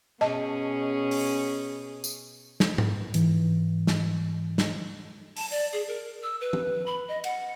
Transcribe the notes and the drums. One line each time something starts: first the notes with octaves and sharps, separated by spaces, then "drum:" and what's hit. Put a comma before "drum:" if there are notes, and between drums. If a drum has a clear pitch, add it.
B2 C#4 G#4 D#5 A5
drum: open hi-hat
drum: tambourine
drum: snare
drum: tom G#2
G#2 E3, drum: hi-hat
drum: snare
drum: snare
A5, drum: open hi-hat
D5
G#4
A#4
E6
B4
drum: tom F3
B5
D#5
F#5, drum: cymbal